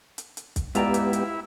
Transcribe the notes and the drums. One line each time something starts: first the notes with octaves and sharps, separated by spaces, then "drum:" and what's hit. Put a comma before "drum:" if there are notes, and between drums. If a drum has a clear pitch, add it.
drum: hi-hat
drum: hi-hat
drum: kick, hi-hat
G#2 B3 E4 F4 G4 D5 A#5, drum: hi-hat
drum: hi-hat
drum: hi-hat